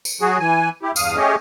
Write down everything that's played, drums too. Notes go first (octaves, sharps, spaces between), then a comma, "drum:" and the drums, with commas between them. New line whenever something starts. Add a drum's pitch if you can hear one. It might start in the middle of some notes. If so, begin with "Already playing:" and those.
drum: tambourine
F#3 F#4 G#4
E3 G#5
E4 G4
E2 G2 F5 D#6, drum: tambourine
A3 C#4 G4 G#4 C#5 D#5